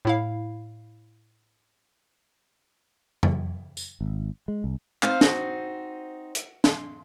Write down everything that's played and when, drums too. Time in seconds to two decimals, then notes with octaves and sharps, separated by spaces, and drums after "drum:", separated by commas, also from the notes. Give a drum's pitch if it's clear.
0.05 A2 E4 F5
3.23 drum: tom
3.77 drum: tambourine
4.01 G#1
4.48 G#3
4.64 C2
5.03 C4 D#4 C5 F5, drum: clap
5.21 F#4, drum: snare
6.35 drum: hi-hat
6.64 C6, drum: snare